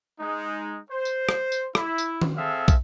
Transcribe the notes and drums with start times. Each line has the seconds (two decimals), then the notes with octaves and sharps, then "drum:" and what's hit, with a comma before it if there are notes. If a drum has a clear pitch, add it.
0.19 G#3 D#4
0.91 C5
1.05 drum: tambourine
1.29 drum: rim click
1.52 drum: tambourine
1.75 E4, drum: rim click
1.98 drum: tambourine
2.22 drum: tom D#3
2.37 C4 G#4 A4 E5 F5
2.68 drum: kick, tambourine